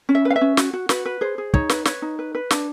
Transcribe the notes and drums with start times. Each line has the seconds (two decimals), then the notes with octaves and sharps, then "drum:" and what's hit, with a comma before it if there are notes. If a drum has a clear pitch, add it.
0.09 C#4
0.15 E5
0.25 B4
0.30 F5
0.36 E5
0.41 C#4
0.57 F#4, drum: snare
0.73 F#4
0.89 F#4 B4, drum: snare
1.06 B4
1.21 G#4 C5
1.38 G#4
1.54 D#4 C#5, drum: kick
1.69 B4, drum: snare
1.85 B4 C#5, drum: snare
2.02 D#4
2.19 B4
2.35 B4
2.51 D4, drum: snare